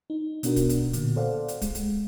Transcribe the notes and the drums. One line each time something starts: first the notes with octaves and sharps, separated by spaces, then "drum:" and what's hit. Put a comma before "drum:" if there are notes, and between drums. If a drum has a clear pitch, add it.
D#4
B2 B3 D4 F#4 A#4, drum: hi-hat
drum: kick, hi-hat
drum: hi-hat
A#2 D3, drum: hi-hat
A4 C5 D5 F5 F#5
drum: hi-hat
G#3, drum: kick, hi-hat
drum: hi-hat